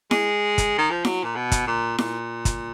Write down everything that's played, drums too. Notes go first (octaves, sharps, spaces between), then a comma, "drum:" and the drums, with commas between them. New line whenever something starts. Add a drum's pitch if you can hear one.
G#3, drum: snare E4
drum: kick, hi-hat
D#3
F3
F#3, drum: snare E4
A#2
B2
drum: kick, hi-hat
A#2
A#2, drum: snare E4
drum: kick, hi-hat